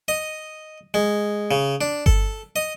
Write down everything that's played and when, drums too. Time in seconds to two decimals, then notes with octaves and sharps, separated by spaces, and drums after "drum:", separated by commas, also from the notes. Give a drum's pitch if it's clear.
0.08 D#5
0.94 G#3
1.51 C#3
1.81 D4
2.06 A4, drum: kick G1
2.56 D#5